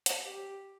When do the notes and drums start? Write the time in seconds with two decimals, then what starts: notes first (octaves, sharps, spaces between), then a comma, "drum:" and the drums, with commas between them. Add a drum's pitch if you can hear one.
0.06 drum: hi-hat
0.25 G4